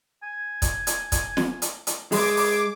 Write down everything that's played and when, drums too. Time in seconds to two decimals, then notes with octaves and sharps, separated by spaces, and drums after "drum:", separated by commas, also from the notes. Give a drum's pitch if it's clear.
0.23 G#5
0.62 drum: kick, hi-hat
0.87 drum: hi-hat
1.12 drum: kick, hi-hat
1.37 drum: snare
1.62 drum: hi-hat
1.87 drum: hi-hat
2.12 G#3 G#4 D6, drum: open hi-hat
2.37 drum: open hi-hat